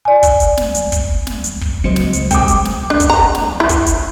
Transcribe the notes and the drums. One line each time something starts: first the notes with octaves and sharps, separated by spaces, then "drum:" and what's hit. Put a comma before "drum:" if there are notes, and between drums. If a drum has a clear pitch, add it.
D5 G#5
drum: kick, hi-hat
drum: hi-hat
drum: snare
drum: hi-hat
drum: kick, hi-hat
drum: snare
drum: hi-hat
drum: kick
C#2 F#3 G#3 C4 C5 D#5 C#7
drum: snare
drum: hi-hat
B1 G#3 C4 G5 D6, drum: kick, hi-hat
drum: hi-hat
drum: snare
D4
drum: kick, hi-hat
A#5
drum: snare
E4
drum: kick, hi-hat
drum: hi-hat